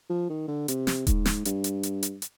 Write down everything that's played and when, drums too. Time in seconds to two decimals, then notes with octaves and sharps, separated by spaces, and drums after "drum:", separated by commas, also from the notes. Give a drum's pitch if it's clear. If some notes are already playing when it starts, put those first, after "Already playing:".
0.09 F3
0.29 D#3
0.48 D3
0.68 C3, drum: hi-hat
0.87 drum: snare
1.07 G#2, drum: kick D#1, hi-hat
1.25 drum: snare
1.45 G2, drum: hi-hat
1.64 drum: hi-hat
1.83 drum: hi-hat
2.03 drum: hi-hat
2.22 drum: hi-hat